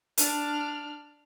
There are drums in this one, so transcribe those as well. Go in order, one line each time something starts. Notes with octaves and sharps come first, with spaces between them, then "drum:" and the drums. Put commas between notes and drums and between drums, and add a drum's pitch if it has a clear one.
D4 F6, drum: hi-hat